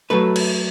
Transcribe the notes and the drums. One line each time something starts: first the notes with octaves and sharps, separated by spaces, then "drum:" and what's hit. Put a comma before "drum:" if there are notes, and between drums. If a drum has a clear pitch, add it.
F#3 A3 B4
drum: cymbal